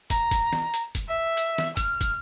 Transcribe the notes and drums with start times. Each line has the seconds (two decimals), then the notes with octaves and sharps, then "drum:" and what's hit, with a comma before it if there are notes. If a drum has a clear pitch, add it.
0.10 A#5, drum: kick, hi-hat
0.31 drum: kick, hi-hat
0.53 drum: snare
0.74 drum: hi-hat
0.95 drum: kick, hi-hat
1.09 E5
1.37 drum: hi-hat
1.58 drum: snare
1.77 F6, drum: kick, hi-hat
2.01 drum: kick, hi-hat